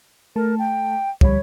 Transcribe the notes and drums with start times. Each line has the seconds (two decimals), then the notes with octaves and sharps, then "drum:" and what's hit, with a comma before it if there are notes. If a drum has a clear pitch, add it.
0.36 A3 A#4 A5
0.59 G5
1.21 D2 G3 C#5 B5, drum: kick